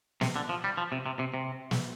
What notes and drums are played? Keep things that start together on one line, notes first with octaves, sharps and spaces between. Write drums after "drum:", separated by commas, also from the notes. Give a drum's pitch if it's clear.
C3, drum: snare
D3
F3
G3
F3
C3
C3
C3
C3
drum: snare